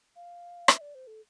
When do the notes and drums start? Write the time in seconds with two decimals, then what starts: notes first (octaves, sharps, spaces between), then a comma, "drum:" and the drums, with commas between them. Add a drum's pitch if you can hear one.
0.16 F5
0.68 E5, drum: rim click
0.81 D5
0.95 C5
1.07 A4